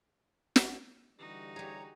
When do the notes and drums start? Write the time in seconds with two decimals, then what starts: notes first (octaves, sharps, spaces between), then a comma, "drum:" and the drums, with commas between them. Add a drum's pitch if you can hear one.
0.56 drum: snare
1.19 D3 E3 G3 D#4 F#4
1.56 G4 G#4 C#5 A#5